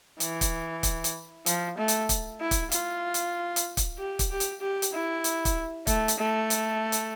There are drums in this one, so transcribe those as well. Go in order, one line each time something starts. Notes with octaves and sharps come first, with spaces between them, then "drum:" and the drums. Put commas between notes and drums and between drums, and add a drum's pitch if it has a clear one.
E3, drum: hi-hat
drum: kick, hi-hat
drum: kick, hi-hat
drum: hi-hat
F3, drum: hi-hat
A3
drum: hi-hat
drum: kick, hi-hat
E4
drum: kick, hi-hat
F4, drum: hi-hat
drum: hi-hat
drum: hi-hat
drum: kick, hi-hat
G4
drum: kick, hi-hat
G4
drum: hi-hat
G4
drum: hi-hat
E4
drum: hi-hat
drum: kick, hi-hat
A3, drum: kick, hi-hat
drum: hi-hat
A3
drum: hi-hat
drum: hi-hat